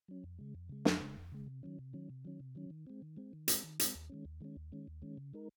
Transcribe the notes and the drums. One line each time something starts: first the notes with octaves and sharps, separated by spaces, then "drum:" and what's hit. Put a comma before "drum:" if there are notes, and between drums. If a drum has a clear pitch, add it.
F#3 C#4
F2
C#3 G#3
F2
C#3 G#3
F2, drum: snare
C#3 G#3
F2
C#3 G#3
C3
D#3 F#3 C#4
C3
D#3 F#3 C#4
C3
D#3 F#3 C#4
C3
D#3 F#3 C#4
D#3
G#3 C4
D#3
G#3 C4
D#3
G#3 C4, drum: hi-hat
D#3
G#3 C4, drum: hi-hat
D#2
D#3 G#3 C#4
D#2
D#3 G#3 C#4
D#2
D#3 G#3 C#4
D#2
D#3 G#3 C#4
C#3
G#3 D#4 A#4